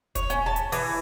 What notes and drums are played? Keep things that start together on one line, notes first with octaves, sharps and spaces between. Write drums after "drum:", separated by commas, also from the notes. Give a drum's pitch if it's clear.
C#5, drum: kick E1, hi-hat
C#4, drum: hi-hat
A5
drum: hi-hat
E3, drum: open hi-hat